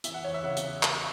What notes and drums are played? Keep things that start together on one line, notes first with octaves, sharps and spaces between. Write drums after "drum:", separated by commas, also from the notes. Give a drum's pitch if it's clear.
E3 E5, drum: hi-hat
F#5
E2 C#5
E5
C#3 F#5
drum: hi-hat
drum: clap